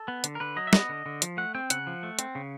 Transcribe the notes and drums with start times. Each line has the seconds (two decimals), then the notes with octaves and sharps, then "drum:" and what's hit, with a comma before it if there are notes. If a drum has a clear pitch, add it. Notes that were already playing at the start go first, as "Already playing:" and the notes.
Already playing: A4
0.08 B3
0.24 D3, drum: hi-hat
0.35 A#4
0.40 D3 B4
0.56 F#3 D#5
0.67 E5
0.73 B3 D#5, drum: snare
0.89 D3
1.06 D3
1.22 F3, drum: hi-hat
1.37 A3 F#5
1.55 C4 G5
1.70 C#3 F#5, drum: hi-hat
1.87 F3
2.03 A3
2.19 C4, drum: hi-hat
2.35 C#3